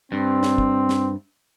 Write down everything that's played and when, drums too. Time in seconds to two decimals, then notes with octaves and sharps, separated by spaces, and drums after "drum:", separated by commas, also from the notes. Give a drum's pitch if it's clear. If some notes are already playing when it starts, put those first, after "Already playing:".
0.12 G2 C4
0.43 drum: snare
0.58 drum: kick
0.89 drum: snare